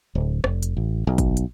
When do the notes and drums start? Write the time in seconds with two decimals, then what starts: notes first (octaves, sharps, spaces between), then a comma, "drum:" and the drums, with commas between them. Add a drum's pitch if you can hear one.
0.15 D1
0.44 F1, drum: rim click
0.63 drum: hi-hat
0.77 A1
1.07 B1
1.18 drum: kick G1, hi-hat
1.37 drum: hi-hat